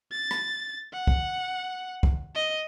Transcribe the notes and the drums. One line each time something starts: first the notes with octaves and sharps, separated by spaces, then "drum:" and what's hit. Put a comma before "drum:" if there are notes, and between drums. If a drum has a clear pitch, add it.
A6
drum: rim click
F#5
drum: kick
drum: kick
D#5